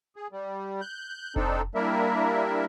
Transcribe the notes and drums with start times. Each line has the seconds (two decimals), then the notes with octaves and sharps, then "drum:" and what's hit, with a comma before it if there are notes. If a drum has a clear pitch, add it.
0.16 G#4
0.32 G3
0.81 F#6 G6
1.36 C4 D4 D#4 A4, drum: kick F1
1.75 G3 A#3 D4 E4 A#4 E5